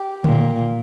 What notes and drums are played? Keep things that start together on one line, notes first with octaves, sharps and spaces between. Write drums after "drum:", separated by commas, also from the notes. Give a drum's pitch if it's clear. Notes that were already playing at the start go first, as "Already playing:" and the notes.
Already playing: G4
A#2, drum: tom D3